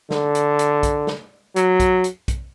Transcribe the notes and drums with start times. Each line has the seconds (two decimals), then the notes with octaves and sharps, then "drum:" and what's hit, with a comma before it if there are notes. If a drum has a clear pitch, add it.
0.11 D3, drum: snare
0.35 drum: hi-hat
0.59 drum: hi-hat
0.83 drum: kick, hi-hat
1.07 drum: snare
1.56 F#3, drum: hi-hat
1.80 drum: kick, hi-hat
2.04 drum: hi-hat
2.28 drum: kick, hi-hat